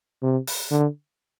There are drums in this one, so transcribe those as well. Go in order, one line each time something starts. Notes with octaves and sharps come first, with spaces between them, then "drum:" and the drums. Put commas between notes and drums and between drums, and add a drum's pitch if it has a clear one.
C3
drum: open hi-hat
D3